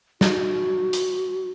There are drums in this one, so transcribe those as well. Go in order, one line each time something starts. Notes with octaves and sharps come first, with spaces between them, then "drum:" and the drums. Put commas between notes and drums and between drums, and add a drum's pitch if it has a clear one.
F#4, drum: snare
drum: hi-hat